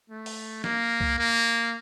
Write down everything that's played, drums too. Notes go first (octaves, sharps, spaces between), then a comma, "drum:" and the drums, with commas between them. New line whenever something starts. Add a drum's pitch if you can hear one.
A3
drum: open hi-hat
A#3, drum: snare
drum: kick
A#3